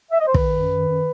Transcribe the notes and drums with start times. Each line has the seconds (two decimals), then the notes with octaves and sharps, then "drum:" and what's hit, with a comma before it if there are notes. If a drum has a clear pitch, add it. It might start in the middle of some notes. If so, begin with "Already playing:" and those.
0.11 E5
0.20 D#5
0.26 C5
0.34 D#3 B4, drum: kick
0.52 F#2
0.69 D#3
0.87 F#2